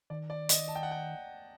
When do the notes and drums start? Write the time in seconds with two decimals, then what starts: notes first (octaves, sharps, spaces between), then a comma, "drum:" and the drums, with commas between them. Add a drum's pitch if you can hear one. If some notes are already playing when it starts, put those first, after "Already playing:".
0.10 D#3 D5
0.30 D5
0.49 D#5, drum: hi-hat
0.68 A5
0.76 G5
0.83 F#5
0.91 G5